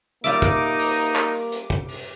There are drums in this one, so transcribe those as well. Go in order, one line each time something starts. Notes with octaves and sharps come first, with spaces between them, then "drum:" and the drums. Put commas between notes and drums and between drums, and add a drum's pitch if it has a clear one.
G3 A#3 D#4 F4 E5 D6
drum: kick, hi-hat
drum: open hi-hat
drum: clap
drum: hi-hat
drum: kick
drum: open hi-hat